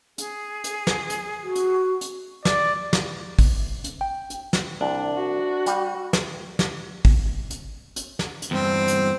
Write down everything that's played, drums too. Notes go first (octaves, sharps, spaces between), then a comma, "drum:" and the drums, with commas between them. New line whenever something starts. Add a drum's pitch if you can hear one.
G#4, drum: hi-hat
drum: hi-hat
drum: snare
drum: hi-hat
F#4
drum: hi-hat
drum: hi-hat
D5, drum: snare
drum: snare
drum: kick, open hi-hat
drum: hi-hat
G5
drum: hi-hat
drum: snare
C2 D4 A5
F#4
G3 G4, drum: hi-hat
drum: snare
drum: snare
drum: kick, open hi-hat
drum: hi-hat
drum: hi-hat
drum: snare
drum: hi-hat
E2 G2 C4
drum: hi-hat